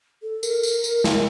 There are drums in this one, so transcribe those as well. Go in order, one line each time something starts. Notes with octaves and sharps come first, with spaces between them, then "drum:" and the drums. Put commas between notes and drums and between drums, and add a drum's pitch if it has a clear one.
A4
A#4, drum: tambourine
drum: tambourine
drum: tambourine
drum: snare